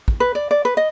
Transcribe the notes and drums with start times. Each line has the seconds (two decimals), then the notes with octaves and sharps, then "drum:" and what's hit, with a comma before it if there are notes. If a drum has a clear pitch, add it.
0.08 drum: kick
0.20 B4
0.35 D5
0.51 D5
0.65 B4
0.77 D#5